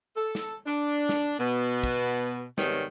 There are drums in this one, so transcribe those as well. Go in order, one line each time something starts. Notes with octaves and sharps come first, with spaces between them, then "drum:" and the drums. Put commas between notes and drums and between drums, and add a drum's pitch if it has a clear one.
A4
drum: snare
D4
drum: snare
B2 B3
drum: kick
G#2 C3 D#3 G3 B3 C#5, drum: snare